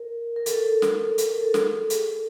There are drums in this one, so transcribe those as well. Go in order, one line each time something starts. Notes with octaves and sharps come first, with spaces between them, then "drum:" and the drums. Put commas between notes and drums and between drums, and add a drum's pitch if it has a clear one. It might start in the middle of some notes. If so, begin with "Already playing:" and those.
Already playing: A#4
A#4
A4, drum: hi-hat
drum: snare
drum: hi-hat
A#4
A4
G#4, drum: snare
A4
A4, drum: hi-hat